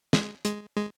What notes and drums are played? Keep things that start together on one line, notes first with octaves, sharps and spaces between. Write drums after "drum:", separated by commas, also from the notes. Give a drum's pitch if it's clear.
G#3, drum: snare
G#3, drum: hi-hat
G#3